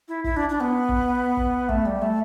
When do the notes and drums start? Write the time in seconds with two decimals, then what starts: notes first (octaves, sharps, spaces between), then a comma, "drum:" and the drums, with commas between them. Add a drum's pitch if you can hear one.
0.08 E4
0.24 E4, drum: kick
0.37 D4
0.49 D4
0.60 B3
0.89 drum: kick
1.37 drum: kick
1.69 A3, drum: kick
1.85 G3
2.02 A3